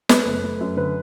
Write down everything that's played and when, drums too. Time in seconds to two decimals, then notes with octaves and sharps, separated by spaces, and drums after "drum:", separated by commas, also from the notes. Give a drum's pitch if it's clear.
0.09 A3 B4, drum: snare
0.26 F#1
0.44 A3
0.60 F#2
0.77 D3 B4